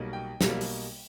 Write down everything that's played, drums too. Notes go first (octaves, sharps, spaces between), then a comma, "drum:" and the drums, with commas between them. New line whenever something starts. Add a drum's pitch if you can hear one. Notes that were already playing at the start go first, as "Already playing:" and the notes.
Already playing: B1 B2 G3 A#3
G5
B1 B2 G3 A#3, drum: snare
drum: open hi-hat